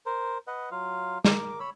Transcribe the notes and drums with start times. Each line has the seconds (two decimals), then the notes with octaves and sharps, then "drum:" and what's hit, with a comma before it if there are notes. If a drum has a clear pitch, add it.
0.06 A#4 C5
0.47 B4 D#5 F#5
0.71 F#3 F4 F5
1.25 A#4 D6, drum: snare
1.60 C#5 B5 E6